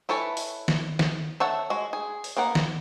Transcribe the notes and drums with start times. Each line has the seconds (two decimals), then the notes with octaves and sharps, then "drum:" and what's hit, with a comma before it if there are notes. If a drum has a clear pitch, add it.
0.09 E4 A4 B4 C#5 G#5
0.37 drum: open hi-hat
0.68 drum: snare
0.99 drum: snare
1.40 A4 C#5 E5 F#5
1.70 G#3 F#4
1.93 G#4
2.24 drum: open hi-hat
2.37 A#3 B3 A#4 F#5
2.55 drum: snare